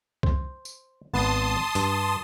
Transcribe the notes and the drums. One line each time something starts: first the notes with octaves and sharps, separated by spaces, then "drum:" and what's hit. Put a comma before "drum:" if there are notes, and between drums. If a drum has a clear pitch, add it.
C5, drum: kick C2
drum: tambourine
G#1 B3 B4 A5 C6 D#6
G2, drum: hi-hat